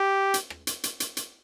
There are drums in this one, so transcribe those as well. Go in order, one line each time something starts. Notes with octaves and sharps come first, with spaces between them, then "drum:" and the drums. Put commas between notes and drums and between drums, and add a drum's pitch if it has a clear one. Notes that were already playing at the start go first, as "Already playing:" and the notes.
Already playing: G4
drum: hi-hat
drum: rim click
drum: hi-hat
drum: hi-hat
drum: hi-hat
drum: hi-hat